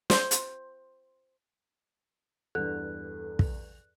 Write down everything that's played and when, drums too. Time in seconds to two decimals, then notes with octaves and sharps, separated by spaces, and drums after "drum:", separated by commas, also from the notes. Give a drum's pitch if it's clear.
0.10 C5, drum: snare
0.31 drum: hi-hat
2.55 E2 G2 A4 F#6
3.39 drum: kick